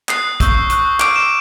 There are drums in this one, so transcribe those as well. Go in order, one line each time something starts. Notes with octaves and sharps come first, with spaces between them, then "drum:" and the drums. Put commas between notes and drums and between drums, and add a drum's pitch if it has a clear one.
D#6 F#6 C7, drum: clap
C#6 E6 G6, drum: kick, hi-hat
C#6 F#6, drum: hi-hat
D6 F6 D7, drum: clap
E7